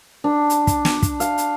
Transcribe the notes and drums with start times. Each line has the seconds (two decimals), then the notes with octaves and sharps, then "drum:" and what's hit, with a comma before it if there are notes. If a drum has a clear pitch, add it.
0.24 D4
0.50 drum: hi-hat
0.67 drum: kick, hi-hat
0.85 drum: snare
1.02 drum: kick, hi-hat
1.20 F5, drum: hi-hat
1.38 drum: hi-hat